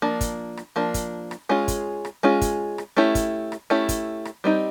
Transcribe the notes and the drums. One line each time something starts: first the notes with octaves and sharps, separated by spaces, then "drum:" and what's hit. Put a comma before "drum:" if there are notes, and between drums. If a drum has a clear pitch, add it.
F3 A#3 D4
drum: kick, hi-hat
drum: rim click
F3 A#3 D4
drum: kick, hi-hat
drum: rim click
G#3 C#4 F4 G#4
drum: kick, hi-hat
drum: rim click
G#3 C#4 F4 G#4
drum: kick, hi-hat
drum: rim click
A3 C#4 E4 G4
drum: kick, hi-hat
drum: rim click
A3 C#4 E4 G4
drum: kick, hi-hat
drum: rim click
G3 C4 D#4